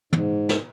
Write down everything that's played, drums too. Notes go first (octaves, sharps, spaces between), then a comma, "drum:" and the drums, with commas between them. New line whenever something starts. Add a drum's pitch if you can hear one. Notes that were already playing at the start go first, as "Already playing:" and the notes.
G#2, drum: tom
drum: snare